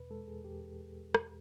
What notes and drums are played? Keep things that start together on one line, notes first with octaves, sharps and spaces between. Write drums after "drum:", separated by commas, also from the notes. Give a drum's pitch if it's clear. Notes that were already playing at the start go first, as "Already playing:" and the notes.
Already playing: E2 B2 B4
G#3 A4
E2 G#4
E2 G4
drum: rim click